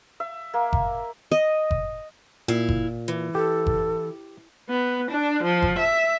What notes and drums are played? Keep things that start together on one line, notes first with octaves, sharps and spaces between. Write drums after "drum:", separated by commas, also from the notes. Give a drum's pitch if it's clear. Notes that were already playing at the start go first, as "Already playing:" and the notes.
E5
A#3
drum: kick F#1
D#5
drum: kick F#1
A#2 E4 F5
drum: kick F#1
E3
G4 A4
drum: kick F#1
B3
D4
F3
drum: kick F#1
E5